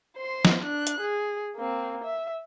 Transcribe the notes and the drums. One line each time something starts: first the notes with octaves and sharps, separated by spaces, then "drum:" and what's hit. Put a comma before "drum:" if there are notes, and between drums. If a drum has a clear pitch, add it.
C5 C6
drum: snare
D4 F#6
drum: hi-hat
G#4
A#3 C4
E5